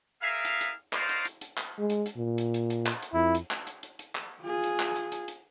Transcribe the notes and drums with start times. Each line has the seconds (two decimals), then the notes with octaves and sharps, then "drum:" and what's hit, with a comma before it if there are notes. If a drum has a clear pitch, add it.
0.22 B3 G#4 A#4 E5 F5
0.45 drum: hi-hat
0.61 drum: hi-hat
0.93 D#4 E4 F#4 C5 D5 F5, drum: clap
1.09 drum: hi-hat
1.25 drum: hi-hat
1.41 drum: hi-hat
1.58 drum: clap
1.79 G#3
1.90 drum: hi-hat
2.06 drum: hi-hat
2.17 A#2
2.38 drum: hi-hat
2.54 drum: hi-hat
2.70 drum: hi-hat
2.86 drum: clap
3.03 drum: hi-hat
3.13 F2 E4
3.35 drum: hi-hat
3.51 drum: clap
3.67 drum: hi-hat
3.83 drum: hi-hat
3.99 drum: hi-hat
4.15 drum: clap
4.42 F4 G#4
4.64 drum: hi-hat
4.80 drum: clap
4.96 drum: hi-hat
5.12 drum: hi-hat
5.28 drum: hi-hat